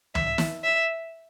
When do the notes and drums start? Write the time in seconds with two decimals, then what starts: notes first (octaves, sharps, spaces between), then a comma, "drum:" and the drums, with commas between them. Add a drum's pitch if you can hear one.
0.15 E5, drum: tom
0.38 drum: snare
0.64 E5